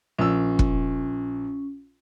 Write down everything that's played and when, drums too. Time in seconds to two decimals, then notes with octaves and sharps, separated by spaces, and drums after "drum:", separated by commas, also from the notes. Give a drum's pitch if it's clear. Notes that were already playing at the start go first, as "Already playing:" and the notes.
0.19 A#1 C#4 E6
0.59 drum: kick